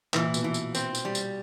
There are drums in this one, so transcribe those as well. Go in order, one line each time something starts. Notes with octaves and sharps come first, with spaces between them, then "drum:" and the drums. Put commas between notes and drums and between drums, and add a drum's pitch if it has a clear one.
A#2 E3, drum: clap
A#2
B2, drum: tambourine
E3
drum: tambourine
C4, drum: tambourine
drum: tambourine
G3
drum: tambourine